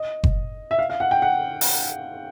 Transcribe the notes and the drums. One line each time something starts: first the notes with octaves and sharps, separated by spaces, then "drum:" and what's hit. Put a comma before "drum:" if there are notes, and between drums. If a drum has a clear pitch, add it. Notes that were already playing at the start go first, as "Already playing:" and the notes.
Already playing: D#5
drum: kick F#1
E5
F5
F5
F#5
G5
F#5
drum: open hi-hat